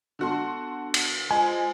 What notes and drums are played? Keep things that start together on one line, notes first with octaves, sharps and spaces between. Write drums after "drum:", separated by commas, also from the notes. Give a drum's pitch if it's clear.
D3 B3 F#4 F#5 A5 C6
drum: cymbal
G#3 F4 C5 G#5